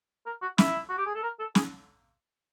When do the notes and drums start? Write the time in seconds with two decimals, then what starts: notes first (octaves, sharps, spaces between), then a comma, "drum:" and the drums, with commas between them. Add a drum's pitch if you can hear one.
0.26 A#4
0.42 F#4
0.58 E4, drum: snare
0.89 F#4
0.98 G4
1.06 G#4
1.15 A4
1.23 A#4
1.39 A4
1.55 G#4, drum: snare